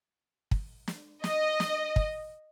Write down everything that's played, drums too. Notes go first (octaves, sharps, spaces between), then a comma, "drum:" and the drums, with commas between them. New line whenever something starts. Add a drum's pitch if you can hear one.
drum: kick
drum: snare
D#5, drum: snare
drum: snare
drum: kick